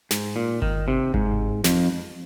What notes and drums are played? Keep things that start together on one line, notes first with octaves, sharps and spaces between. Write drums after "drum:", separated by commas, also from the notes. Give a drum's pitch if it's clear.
G#2, drum: snare
A#2
D#3, drum: kick G1
C3
G#2, drum: kick G1
F2, drum: snare